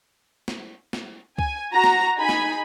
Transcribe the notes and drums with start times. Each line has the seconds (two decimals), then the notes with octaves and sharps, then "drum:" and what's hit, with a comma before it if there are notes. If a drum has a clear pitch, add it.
0.48 drum: snare
0.93 drum: snare
1.38 G#5, drum: kick C#2
1.74 F#4 A#5
1.84 drum: snare
2.19 D#4 G#4 G#5 B5
2.29 drum: snare